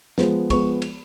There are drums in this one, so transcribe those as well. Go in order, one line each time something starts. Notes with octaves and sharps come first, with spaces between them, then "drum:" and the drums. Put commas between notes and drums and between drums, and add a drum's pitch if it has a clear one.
F3 G#3 B3, drum: snare
F3 G#3 B3 C#6, drum: kick, cymbal
drum: cymbal